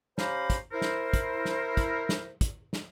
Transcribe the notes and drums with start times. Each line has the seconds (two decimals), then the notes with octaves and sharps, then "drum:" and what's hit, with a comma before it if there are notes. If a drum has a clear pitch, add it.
0.18 C#4 G4 C5 F5 A#5 B5, drum: snare
0.50 drum: kick, hi-hat
0.72 E4 A#4 C5
0.82 drum: snare
1.13 drum: kick, hi-hat
1.45 drum: snare
1.77 drum: kick, hi-hat
2.09 drum: snare
2.41 drum: kick, hi-hat
2.73 drum: snare